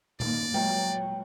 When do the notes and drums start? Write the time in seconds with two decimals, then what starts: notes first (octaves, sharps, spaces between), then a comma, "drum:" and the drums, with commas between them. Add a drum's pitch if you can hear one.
0.20 D#3 A#3 D5, drum: tom A#2
0.54 F#3 G5, drum: tom G#3